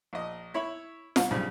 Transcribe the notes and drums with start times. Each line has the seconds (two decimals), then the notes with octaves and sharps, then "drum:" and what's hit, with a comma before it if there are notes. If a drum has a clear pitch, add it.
0.13 A#1 D#5
0.54 E4 C#5 B5
1.16 C2, drum: snare F4
1.31 B1 G2 C#3 F3